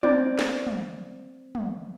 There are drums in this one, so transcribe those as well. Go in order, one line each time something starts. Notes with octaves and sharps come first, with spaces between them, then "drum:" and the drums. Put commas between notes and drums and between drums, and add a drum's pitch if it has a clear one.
C4 D5, drum: tom
drum: snare
drum: tom
drum: tom